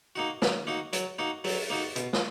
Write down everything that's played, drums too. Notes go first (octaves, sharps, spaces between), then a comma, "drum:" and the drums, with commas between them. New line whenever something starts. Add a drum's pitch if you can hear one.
A#3 D#4 F#4
F#3, drum: snare
A#3 D#4 F#4
F#3, drum: hi-hat
A#3 D#4 F#4
F#3, drum: open hi-hat
A#3 D#4 F#4
B2, drum: hi-hat
drum: snare